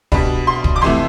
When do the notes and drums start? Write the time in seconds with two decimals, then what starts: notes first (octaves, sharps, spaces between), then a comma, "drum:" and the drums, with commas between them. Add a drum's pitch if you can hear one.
0.12 B2 G3 D4 B5, drum: kick
0.47 C6
0.64 drum: kick
0.76 D6
0.82 F2 C3 E3 A3 E4 C6